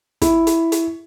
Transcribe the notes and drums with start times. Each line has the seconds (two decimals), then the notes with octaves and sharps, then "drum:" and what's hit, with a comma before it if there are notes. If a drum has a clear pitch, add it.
0.22 E4, drum: kick, hi-hat
0.47 drum: hi-hat
0.72 drum: hi-hat